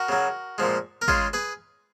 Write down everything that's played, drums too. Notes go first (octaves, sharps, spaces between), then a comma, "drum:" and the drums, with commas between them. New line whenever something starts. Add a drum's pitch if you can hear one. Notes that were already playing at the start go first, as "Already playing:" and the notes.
Already playing: F#4 A#4
C#3 F#3
A#2 F3 G#3
A#4
C#3 G#3 F4 G#4, drum: kick
G#4 B4